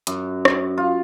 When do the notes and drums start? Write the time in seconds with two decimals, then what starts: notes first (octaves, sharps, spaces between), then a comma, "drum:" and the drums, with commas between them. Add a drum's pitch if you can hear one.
0.07 F#2, drum: hi-hat
0.45 drum: rim click
0.78 F4